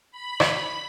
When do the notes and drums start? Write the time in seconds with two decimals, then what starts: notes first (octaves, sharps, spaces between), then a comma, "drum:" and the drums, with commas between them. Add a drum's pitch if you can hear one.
0.11 B5
0.40 drum: rim click